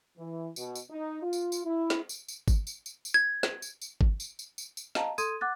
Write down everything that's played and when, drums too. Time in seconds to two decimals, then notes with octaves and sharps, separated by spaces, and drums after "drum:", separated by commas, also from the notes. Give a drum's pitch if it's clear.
0.17 E3
0.56 B2, drum: tambourine
0.75 drum: tambourine
0.90 D#4
1.21 F4
1.33 drum: tambourine
1.52 drum: tambourine
1.64 E4
1.90 drum: snare
2.09 drum: tambourine
2.28 drum: tambourine
2.48 drum: kick G#1, tambourine
2.67 drum: tambourine
2.86 drum: tambourine
3.05 drum: tambourine
3.14 G#6
3.43 drum: snare
3.62 drum: tambourine
3.81 drum: tambourine
4.01 drum: kick G#1
4.20 drum: tambourine
4.39 drum: tambourine
4.58 drum: tambourine
4.77 drum: tambourine
4.95 D#5 F5 A5 A#5, drum: snare
5.18 A4 C6 D#6 G#6 D#7, drum: tambourine
5.41 F#5 D6 F#6 A6